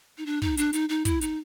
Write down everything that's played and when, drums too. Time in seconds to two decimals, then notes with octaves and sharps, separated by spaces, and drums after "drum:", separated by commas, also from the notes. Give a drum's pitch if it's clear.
0.18 D#4
0.26 D4
0.42 D#4, drum: kick
0.57 D4, drum: hi-hat
0.73 D#4, drum: hi-hat
0.89 D#4
1.05 E4, drum: kick, hi-hat
1.21 D#4, drum: hi-hat